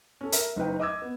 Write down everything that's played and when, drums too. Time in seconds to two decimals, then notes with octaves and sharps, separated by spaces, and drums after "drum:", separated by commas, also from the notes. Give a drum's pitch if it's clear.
0.21 C#4 A4
0.32 A#4 E5, drum: hi-hat
0.56 F#1 D#4 B4 G5
0.79 D#5 D6 E6 G#6
1.02 B3